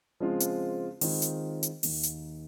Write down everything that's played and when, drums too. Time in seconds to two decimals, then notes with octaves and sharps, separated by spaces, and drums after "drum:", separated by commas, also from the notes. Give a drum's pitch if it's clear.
0.20 C#3 F3 G#3 C4 F4
0.40 drum: hi-hat
1.01 D#3 G#3 C4 F4, drum: open hi-hat
1.22 drum: hi-hat
1.63 drum: hi-hat
1.83 D#2 D#3 A#3, drum: open hi-hat
2.03 drum: hi-hat